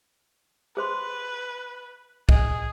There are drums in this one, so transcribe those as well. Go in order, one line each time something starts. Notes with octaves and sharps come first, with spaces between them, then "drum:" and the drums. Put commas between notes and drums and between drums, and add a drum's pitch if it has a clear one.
G#4 B4 C5 C6
G#4 D#5, drum: kick